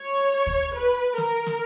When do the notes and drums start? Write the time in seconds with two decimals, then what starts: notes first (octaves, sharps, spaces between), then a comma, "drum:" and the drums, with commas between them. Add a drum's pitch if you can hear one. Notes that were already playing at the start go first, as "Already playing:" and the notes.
Already playing: C#5
0.47 drum: kick
0.76 B4
1.18 A#4, drum: snare
1.46 drum: snare